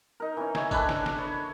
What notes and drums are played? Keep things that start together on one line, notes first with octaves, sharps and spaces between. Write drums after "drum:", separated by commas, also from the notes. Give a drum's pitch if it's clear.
D#4 A#4
E3 C#4
C#5 D#5 E5 G#5, drum: snare
D4 A4 B4 D#5, drum: kick, tambourine
drum: snare
drum: snare
C#5